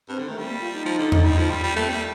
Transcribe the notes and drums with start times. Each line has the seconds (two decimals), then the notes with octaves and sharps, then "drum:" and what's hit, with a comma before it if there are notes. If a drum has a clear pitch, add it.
0.09 G2 C4
0.18 D3
0.28 D#3 A3
0.38 G3
0.47 A#3
0.60 F4
0.74 D#4
0.85 F3
0.99 D3
1.12 D3, drum: tom E2
1.24 G3
1.38 F3
1.50 G3
1.63 G3 F4
1.73 A#3
1.76 A3
1.83 C4
1.89 G3 A#3